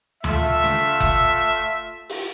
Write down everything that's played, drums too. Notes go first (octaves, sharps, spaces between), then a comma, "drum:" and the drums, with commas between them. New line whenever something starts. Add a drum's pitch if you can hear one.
A3 F4 E5, drum: tom D2
drum: snare
drum: kick F#1
drum: open hi-hat